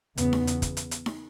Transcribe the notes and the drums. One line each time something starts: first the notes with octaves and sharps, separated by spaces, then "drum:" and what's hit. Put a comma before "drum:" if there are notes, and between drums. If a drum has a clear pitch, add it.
E2 C#3 B3, drum: hi-hat
drum: snare D#4
drum: hi-hat
drum: kick, hi-hat
drum: hi-hat
drum: hi-hat
drum: snare D#4